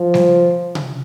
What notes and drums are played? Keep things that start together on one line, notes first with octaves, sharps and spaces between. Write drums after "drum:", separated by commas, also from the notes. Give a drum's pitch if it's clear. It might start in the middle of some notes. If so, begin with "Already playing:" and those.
Already playing: F3
drum: snare
drum: tom C3